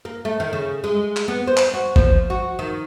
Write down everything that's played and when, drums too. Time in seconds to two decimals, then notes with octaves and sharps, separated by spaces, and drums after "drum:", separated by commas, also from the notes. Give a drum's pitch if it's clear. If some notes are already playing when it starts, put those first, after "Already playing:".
0.05 A#3
0.25 A3
0.40 D#3
0.53 C#3
0.84 G#3
1.17 drum: clap
1.28 B3
1.47 C5
1.57 drum: clap
1.74 F#4
1.96 F3, drum: kick G#1
2.30 F#4
2.59 D#3